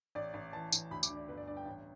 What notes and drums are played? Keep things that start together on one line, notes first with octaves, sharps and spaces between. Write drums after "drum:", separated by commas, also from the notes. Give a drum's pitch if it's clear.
A1 D5
A1
E3 A5
A1, drum: tambourine
D2 B5
D6, drum: tambourine
D3
D5
G1 B4
D5
G2 D5
G5
A1